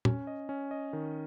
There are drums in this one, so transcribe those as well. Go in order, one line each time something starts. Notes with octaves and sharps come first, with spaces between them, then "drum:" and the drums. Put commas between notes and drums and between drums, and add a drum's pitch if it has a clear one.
C#4, drum: tom
D#5
C#4
D#5
D#3